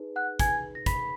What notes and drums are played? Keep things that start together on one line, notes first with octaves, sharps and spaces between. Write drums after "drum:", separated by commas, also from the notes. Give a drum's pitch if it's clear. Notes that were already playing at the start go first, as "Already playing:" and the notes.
Already playing: D#4 G#4 B4
F#5 F#6
G#5 G#6, drum: kick, hi-hat
A#6
B5 B6, drum: kick, hi-hat